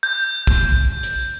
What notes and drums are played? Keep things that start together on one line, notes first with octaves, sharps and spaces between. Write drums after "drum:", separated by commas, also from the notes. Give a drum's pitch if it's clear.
G6
drum: kick
drum: hi-hat